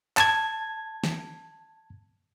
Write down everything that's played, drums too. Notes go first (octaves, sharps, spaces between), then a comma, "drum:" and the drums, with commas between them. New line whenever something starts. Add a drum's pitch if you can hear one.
A5 G#6, drum: clap
drum: snare